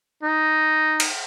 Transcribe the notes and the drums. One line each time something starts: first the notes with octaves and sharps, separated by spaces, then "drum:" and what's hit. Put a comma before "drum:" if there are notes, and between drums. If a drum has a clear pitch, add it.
D#4
drum: cymbal